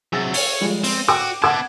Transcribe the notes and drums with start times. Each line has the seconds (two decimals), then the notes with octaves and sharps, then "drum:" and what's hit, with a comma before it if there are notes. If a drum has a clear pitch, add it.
0.13 C3 F#3 G#4 E6 A6
0.34 C#5, drum: open hi-hat
0.61 F3 G3 G#3
0.84 C4, drum: open hi-hat
1.08 F#4 G5 D6
1.42 B3 F#5 A5 D6 G#6